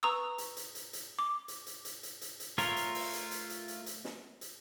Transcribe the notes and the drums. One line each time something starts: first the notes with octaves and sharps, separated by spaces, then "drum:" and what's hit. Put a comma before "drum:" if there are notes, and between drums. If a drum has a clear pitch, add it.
B4 A#5 C#6 D#6 E6
drum: hi-hat
drum: hi-hat
drum: hi-hat
drum: hi-hat
D6
drum: hi-hat
drum: hi-hat
drum: hi-hat
drum: hi-hat
drum: hi-hat
drum: hi-hat
A3 F4 A#4 C#5, drum: hi-hat
drum: hi-hat
drum: open hi-hat
drum: hi-hat
drum: hi-hat
drum: hi-hat
drum: hi-hat
drum: hi-hat
drum: snare
drum: hi-hat